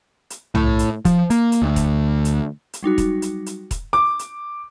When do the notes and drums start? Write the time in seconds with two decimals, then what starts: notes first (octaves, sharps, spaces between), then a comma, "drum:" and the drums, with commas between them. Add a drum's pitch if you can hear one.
0.30 drum: hi-hat
0.55 A2, drum: tom
0.79 drum: hi-hat
1.05 F3, drum: kick E1, hi-hat
1.30 A#3, drum: hi-hat
1.52 drum: hi-hat
1.62 D2
1.76 drum: kick E1, hi-hat
2.25 drum: hi-hat
2.73 drum: hi-hat
2.83 F#3 G3 D#4 F#4
2.98 drum: kick E1, hi-hat
3.22 drum: hi-hat
3.46 drum: hi-hat
3.71 drum: kick E1, hi-hat
3.93 D6
4.19 drum: hi-hat